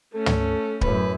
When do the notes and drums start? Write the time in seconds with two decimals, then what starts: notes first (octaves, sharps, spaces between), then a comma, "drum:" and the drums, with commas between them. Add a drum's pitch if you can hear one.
0.14 A3 C#4 A4
0.26 drum: tom
0.81 F#2 A2 B4, drum: kick D1